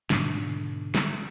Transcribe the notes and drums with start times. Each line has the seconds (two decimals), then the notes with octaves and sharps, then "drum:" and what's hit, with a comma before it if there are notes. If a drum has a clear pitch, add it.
0.10 G#2 B2 D3, drum: snare
0.95 drum: snare